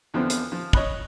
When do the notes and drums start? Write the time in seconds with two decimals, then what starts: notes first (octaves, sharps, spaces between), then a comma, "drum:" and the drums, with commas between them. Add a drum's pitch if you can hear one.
0.14 E2 D3 F3 B3 C4 D4
0.30 drum: hi-hat
0.52 F3
0.73 C#5 D#5 B5 F#6, drum: kick